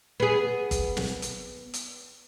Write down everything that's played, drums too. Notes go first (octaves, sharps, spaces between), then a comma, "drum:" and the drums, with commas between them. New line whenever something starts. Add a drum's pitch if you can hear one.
B3 G#4
drum: kick G1, hi-hat
drum: snare
drum: hi-hat
drum: hi-hat